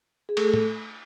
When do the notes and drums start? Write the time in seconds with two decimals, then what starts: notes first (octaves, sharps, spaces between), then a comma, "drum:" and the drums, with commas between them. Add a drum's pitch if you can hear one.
0.29 G#4
0.37 A3 A4, drum: cymbal
0.54 drum: tom